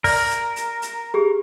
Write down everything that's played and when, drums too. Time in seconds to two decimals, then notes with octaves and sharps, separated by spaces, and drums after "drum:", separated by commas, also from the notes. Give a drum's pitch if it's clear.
0.04 A#4 D5, drum: kick, open hi-hat
0.30 drum: hi-hat
0.56 drum: hi-hat
0.82 drum: hi-hat
1.14 G4 G#4